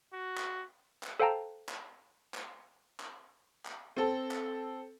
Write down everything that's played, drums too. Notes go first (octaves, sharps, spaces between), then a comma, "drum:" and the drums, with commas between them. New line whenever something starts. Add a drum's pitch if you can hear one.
F#4
drum: clap
drum: clap
A4 C5 F5 G5 A5 A#5
drum: clap
drum: clap
drum: clap
drum: clap
C4 A4
drum: clap